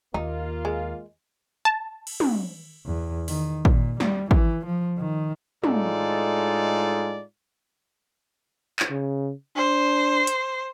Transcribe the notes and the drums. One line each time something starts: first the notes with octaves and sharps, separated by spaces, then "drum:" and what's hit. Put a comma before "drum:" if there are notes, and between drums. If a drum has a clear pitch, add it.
D#2 A#3 D#4 F4
G#3
A5
drum: cymbal
drum: tom
E2
D#3, drum: open hi-hat
A#2, drum: kick
G3, drum: snare
E3, drum: kick
F3
D#3
A2 G#3 D#4 F4 A4 D5, drum: tom
drum: clap
C#3
D4 C5
drum: hi-hat